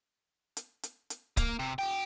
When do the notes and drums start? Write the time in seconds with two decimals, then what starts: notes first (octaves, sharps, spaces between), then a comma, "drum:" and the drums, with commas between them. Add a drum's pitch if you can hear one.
0.57 drum: hi-hat
0.83 drum: hi-hat
1.10 drum: hi-hat
1.37 A#3, drum: kick C#1, hi-hat
1.59 C3
1.79 F#4 G5